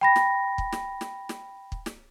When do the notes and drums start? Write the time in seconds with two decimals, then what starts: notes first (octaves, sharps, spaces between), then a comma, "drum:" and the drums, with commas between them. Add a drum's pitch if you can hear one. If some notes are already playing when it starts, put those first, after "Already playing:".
0.01 G5 B5 A#6
0.16 drum: snare
0.58 drum: kick
0.72 drum: snare
1.01 drum: snare
1.29 drum: snare
1.72 drum: kick
1.86 drum: snare